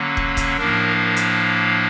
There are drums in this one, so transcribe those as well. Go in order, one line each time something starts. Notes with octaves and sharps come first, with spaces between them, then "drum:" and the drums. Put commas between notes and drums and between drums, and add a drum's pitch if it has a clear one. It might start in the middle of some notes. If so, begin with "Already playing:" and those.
Already playing: D3 F#3 A#3 C#4
drum: kick
drum: kick, hi-hat
A2 F3 A#3 D4 A#4
drum: hi-hat